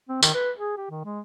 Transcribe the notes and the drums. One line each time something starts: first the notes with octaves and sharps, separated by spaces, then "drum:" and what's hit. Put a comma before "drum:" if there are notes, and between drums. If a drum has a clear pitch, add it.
C4
D#3, drum: tambourine
B4
G#4
G4
D#3
G#3